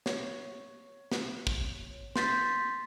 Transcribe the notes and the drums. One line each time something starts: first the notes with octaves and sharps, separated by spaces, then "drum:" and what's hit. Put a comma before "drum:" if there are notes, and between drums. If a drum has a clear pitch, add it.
C#5, drum: snare
drum: snare
drum: kick
C6 G6 A6 B6, drum: snare